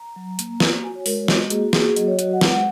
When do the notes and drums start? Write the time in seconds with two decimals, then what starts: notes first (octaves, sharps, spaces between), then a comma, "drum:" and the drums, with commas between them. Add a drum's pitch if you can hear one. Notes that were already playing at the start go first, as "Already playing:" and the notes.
Already playing: A#5
0.16 F#3
0.39 A#3, drum: hi-hat
0.60 F#4, drum: snare
0.84 F#4 G#5
0.95 C#5
1.06 G#3 A#4, drum: open hi-hat
1.17 C#5
1.28 F#4 D#5, drum: snare
1.40 D#5
1.50 A#3 G#4, drum: hi-hat
1.62 F#4
1.73 F#4 G#4, drum: snare
1.85 G#4
1.96 F#3 D#5, drum: hi-hat
2.07 C#5
2.19 F#4 D#5, drum: hi-hat
2.33 F#5
2.41 G#3, drum: snare
2.48 F#5